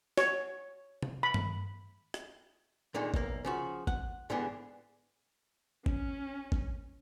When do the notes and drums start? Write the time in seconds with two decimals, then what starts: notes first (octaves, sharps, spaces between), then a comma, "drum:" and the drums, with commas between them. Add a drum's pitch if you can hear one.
0.18 C#5, drum: snare
1.02 drum: tom
1.23 B5
1.34 drum: tom
2.14 drum: rim click
2.94 A#2 D3 D#3 G#3
3.14 B1 A#3, drum: kick G#1
3.45 C#3 F3 F#4
3.87 F#5, drum: kick G#1
4.30 G#2 D3 E3 B3 G4 G#4
5.86 C#4, drum: kick G#1
6.52 drum: kick G#1